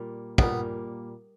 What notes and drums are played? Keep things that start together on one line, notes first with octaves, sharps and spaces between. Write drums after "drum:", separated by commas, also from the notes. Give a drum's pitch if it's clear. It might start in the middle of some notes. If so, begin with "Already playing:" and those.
Already playing: A#2 G3 A#3
A#2 G3 A#3 B3, drum: kick